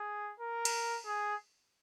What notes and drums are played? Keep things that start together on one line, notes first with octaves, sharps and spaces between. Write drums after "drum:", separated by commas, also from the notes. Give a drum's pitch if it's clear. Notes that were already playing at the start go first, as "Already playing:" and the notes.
Already playing: G#4
A#4
drum: cymbal
G#4